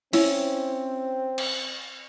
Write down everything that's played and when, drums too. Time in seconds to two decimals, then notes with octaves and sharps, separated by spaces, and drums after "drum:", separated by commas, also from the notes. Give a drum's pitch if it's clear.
0.13 C4 C#4 E4, drum: open hi-hat
1.38 drum: cymbal